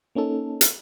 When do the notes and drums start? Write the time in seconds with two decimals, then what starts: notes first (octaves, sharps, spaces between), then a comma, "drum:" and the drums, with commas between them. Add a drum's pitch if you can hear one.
0.15 A#3 C#4 D#4 A4
0.61 drum: hi-hat